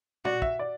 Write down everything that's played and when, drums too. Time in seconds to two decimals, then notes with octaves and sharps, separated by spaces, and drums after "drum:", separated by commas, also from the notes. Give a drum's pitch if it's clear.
0.25 F#4 D5, drum: tom
0.42 E5, drum: kick
0.59 D5